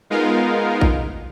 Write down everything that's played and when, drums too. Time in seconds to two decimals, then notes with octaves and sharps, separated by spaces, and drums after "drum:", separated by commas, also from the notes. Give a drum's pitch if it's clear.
0.10 G#3 B3 D#4 F4 A#4 F5
0.81 drum: kick A#1